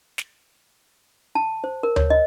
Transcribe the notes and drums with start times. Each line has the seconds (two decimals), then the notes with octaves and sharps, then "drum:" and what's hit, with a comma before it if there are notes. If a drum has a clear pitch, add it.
0.18 drum: snare
1.35 A5
1.64 C5
1.83 A#4
1.96 C#5, drum: tom D2
2.10 D#5